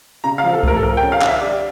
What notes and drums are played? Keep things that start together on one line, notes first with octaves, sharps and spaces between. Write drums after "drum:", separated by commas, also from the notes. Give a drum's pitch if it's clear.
C#3 A#5
F5
F3
A4
A3 A#4, drum: kick C2
A4
F3 A#4
G5
C#4
F5
D3, drum: clap
E5
G3 D5